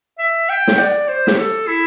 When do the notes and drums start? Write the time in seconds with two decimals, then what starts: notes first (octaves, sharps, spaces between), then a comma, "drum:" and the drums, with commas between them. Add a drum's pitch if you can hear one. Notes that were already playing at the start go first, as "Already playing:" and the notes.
0.19 E5
0.49 G5
0.68 drum: snare
0.79 D5
1.08 C5
1.27 G4, drum: snare
1.38 A4
1.68 E4